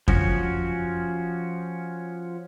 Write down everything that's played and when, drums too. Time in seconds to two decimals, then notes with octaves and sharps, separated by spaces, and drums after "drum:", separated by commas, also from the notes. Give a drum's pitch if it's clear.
0.08 F3 C#4 F#4, drum: kick F2